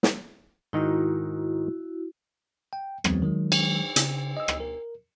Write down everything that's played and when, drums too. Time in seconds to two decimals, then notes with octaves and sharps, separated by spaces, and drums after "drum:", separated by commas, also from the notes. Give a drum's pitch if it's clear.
0.03 drum: snare
0.73 G#2 D#3 D#4 E4 F#4
2.73 G5
3.04 E2 E3 F#3 G#3 B3 C4, drum: rim click
3.22 D#3 F#3 G#3
3.52 drum: cymbal
3.96 C#3, drum: hi-hat
4.37 D#5 E6
4.48 drum: rim click
4.60 A#4